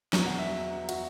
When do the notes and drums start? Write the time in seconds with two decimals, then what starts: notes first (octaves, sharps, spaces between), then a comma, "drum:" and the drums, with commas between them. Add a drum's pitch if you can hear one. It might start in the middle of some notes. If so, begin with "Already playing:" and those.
0.13 E2 B2 F#3 A#5, drum: snare
0.26 F#5
0.39 E5
0.89 F#4, drum: cymbal